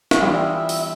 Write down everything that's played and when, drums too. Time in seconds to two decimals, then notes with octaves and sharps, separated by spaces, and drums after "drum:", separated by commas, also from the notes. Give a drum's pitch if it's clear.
0.11 drum: snare
0.21 E3 G3 B3 F4 E5
0.69 drum: open hi-hat